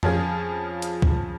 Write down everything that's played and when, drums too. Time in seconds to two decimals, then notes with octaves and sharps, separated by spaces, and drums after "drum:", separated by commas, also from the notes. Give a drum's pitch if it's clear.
0.03 F2 F3 C#4 F4 G#4, drum: tom F2
0.82 drum: hi-hat
1.02 drum: kick